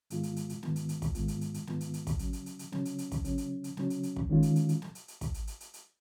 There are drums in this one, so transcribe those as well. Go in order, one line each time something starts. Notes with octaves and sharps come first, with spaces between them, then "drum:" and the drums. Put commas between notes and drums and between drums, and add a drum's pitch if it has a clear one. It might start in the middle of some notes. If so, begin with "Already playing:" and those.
G#2 D#3 G#3 B3 F4, drum: hi-hat
drum: hi-hat
drum: hi-hat
drum: hi-hat
G#2 D#3 G#3 B3 F4, drum: snare
drum: hi-hat
drum: hi-hat
drum: kick, hi-hat
G#2 D#3 G#3 B3 F4, drum: hi-hat
drum: hi-hat
drum: hi-hat
drum: hi-hat
G#2 D#3 G#3 B3 F4, drum: snare
drum: hi-hat
drum: hi-hat
drum: kick, hi-hat
C#3 F#3 C#4, drum: hi-hat
drum: hi-hat
drum: hi-hat
drum: hi-hat
C#3 F#3 C#4, drum: snare
drum: hi-hat
drum: hi-hat
drum: kick, hi-hat
C#3 F#3 C#4, drum: hi-hat
drum: hi-hat
drum: hi-hat
C#3 F#3 C#4, drum: snare
drum: hi-hat
drum: hi-hat
drum: kick
D#3 G#3 C#4 F4
drum: hi-hat
drum: hi-hat
drum: hi-hat
drum: snare
drum: hi-hat
drum: hi-hat
drum: kick, hi-hat
drum: hi-hat
drum: hi-hat
drum: hi-hat
drum: hi-hat